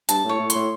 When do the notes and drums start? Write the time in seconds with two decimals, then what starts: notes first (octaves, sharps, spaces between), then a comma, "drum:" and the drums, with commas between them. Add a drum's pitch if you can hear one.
0.09 G2 A5, drum: hi-hat
0.24 A2 C#5
0.39 A2
0.50 C6, drum: hi-hat
0.55 A2